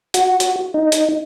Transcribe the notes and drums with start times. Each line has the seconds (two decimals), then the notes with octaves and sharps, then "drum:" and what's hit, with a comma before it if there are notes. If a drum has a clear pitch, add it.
0.14 F#4, drum: hi-hat
0.40 drum: hi-hat
0.74 D#4
0.92 drum: hi-hat